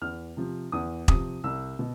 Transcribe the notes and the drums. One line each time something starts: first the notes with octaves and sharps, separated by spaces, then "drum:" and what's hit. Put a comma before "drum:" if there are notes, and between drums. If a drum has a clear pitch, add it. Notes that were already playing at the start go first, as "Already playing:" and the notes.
E2 F6
C3 F3
E2 D#6
C3 F3 D#6, drum: kick E1
C2 E6
B2